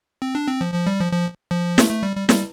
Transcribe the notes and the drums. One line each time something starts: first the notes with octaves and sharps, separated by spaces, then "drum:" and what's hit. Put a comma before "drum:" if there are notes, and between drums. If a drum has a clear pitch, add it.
C4
D4
C4
F3
F3
G3
F3
F3
F3
A3, drum: snare
A3
G3
G3
G3, drum: snare